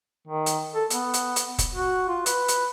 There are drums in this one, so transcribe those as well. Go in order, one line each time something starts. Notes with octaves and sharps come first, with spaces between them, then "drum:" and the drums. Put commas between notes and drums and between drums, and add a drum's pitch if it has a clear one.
D#3
drum: hi-hat
A4
B3, drum: hi-hat
drum: hi-hat
drum: hi-hat
drum: kick, hi-hat
F#4
F4
B4, drum: hi-hat
drum: hi-hat